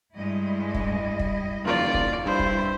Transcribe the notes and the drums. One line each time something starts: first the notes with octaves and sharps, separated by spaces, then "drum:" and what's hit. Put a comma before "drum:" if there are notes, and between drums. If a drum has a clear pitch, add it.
G2 G3 G#3 E4 D#5
drum: kick
drum: kick
F#1 F2 D#3 F4 D5
drum: kick
G2 E4 C5
drum: kick